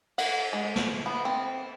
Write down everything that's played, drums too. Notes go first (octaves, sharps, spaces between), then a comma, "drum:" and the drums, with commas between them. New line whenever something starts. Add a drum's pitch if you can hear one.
F#5, drum: cymbal
G#3
drum: snare
B3
C4